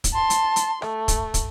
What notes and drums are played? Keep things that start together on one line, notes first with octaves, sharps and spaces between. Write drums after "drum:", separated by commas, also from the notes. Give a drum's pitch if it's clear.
drum: kick, hi-hat
A5 C6
drum: hi-hat
drum: hi-hat
A3, drum: rim click
drum: kick, hi-hat
drum: kick, hi-hat